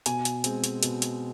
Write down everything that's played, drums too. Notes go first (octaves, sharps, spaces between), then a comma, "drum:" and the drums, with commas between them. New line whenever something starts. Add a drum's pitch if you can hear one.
B2 G#5, drum: hi-hat
drum: hi-hat
G#3 C4, drum: hi-hat
drum: hi-hat
B2, drum: hi-hat
drum: hi-hat